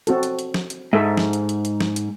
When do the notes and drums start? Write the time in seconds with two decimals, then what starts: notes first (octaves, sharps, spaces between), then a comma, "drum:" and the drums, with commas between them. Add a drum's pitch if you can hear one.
0.07 C4 F#4 A4, drum: hi-hat
0.23 drum: hi-hat
0.39 drum: hi-hat
0.54 drum: snare
0.70 drum: hi-hat
0.93 G#2 A4 E5
1.17 drum: snare
1.33 drum: hi-hat
1.49 drum: hi-hat
1.65 drum: hi-hat
1.81 drum: snare
1.96 drum: hi-hat